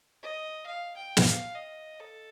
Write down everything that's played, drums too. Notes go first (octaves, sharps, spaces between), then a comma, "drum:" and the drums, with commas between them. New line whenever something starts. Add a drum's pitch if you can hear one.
D#5
F5
G5
drum: snare
F5
D#5
A4